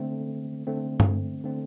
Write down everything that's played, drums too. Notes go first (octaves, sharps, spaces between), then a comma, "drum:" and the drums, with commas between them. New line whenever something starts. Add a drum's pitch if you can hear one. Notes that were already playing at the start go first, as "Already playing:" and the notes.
Already playing: D3 A3 C4
D3 A3 C4
drum: tom G2
D3 A3 C4